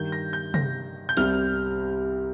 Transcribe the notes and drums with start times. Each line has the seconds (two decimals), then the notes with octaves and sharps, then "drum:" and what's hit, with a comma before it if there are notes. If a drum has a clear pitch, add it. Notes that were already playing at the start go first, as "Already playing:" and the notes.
Already playing: G2 D#3 G3 G6
0.12 A#6
0.33 G6
0.54 A#6, drum: tom C3
1.09 G6
1.17 C2 C3 G3 C4 F6, drum: hi-hat